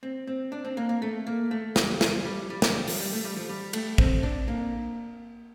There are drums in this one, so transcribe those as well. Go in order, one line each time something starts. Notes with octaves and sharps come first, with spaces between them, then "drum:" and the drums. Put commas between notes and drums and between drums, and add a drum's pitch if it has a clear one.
C4
C4
D4
C4
A#3
A#3
A3
A#3
A3
G3, drum: snare
F3, drum: snare
G3
G3
F3, drum: snare
G3
F3, drum: open hi-hat
G3
A3
G3
F3
G3
A3, drum: cymbal
C4, drum: kick
D4
A#3